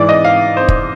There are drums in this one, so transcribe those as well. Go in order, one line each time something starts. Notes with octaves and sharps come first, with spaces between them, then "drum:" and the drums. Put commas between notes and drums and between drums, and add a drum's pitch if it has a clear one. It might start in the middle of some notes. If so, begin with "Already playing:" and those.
Already playing: G#2 E3 D5
D#5
F5
C5
drum: kick